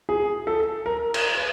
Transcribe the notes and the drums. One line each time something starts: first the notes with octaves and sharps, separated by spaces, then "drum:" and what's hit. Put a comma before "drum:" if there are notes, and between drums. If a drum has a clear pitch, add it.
G#4
A4
A#4
drum: cymbal
B4